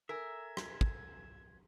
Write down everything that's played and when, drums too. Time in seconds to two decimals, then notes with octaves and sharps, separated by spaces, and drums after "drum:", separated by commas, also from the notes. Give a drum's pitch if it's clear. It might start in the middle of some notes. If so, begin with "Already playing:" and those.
0.09 A4 A#4 E5 G#5 E6 G#6
0.57 drum: rim click
0.81 drum: kick